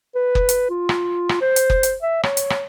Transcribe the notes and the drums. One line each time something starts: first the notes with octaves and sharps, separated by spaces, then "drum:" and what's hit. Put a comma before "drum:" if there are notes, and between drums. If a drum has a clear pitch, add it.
B4
drum: kick F#1
drum: hi-hat
F4
drum: rim click
drum: rim click
C5
drum: hi-hat
drum: kick F#1
drum: hi-hat
E5
C#5, drum: rim click
drum: hi-hat
drum: rim click